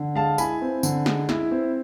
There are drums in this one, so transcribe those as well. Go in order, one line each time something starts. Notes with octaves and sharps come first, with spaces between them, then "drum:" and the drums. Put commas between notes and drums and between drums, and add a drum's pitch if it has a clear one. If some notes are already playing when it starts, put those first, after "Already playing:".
Already playing: D3
G#3 F5 A5
E4 G#5 B5, drum: tambourine
C4
D3, drum: tambourine
G#3, drum: snare
E4, drum: snare
C4